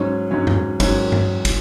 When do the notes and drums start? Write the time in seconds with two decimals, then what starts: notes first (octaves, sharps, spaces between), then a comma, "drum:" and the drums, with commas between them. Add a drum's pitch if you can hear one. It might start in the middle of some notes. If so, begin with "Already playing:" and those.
Already playing: G#2 F#3 C#4
0.31 G#2 F#3 C#4
0.47 drum: tom F#2
0.80 G#2 F#3 C#4, drum: kick, cymbal
1.12 drum: tom G2
1.45 drum: kick, cymbal